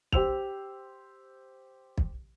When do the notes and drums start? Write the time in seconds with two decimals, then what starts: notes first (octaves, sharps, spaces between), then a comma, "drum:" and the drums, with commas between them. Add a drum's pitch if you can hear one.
0.12 G4 C5 E6 F7, drum: kick
1.98 drum: kick